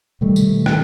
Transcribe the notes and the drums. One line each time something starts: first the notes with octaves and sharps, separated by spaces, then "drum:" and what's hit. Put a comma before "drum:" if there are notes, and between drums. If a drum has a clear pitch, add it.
B2 D#3 G3 A3
drum: tambourine
drum: rim click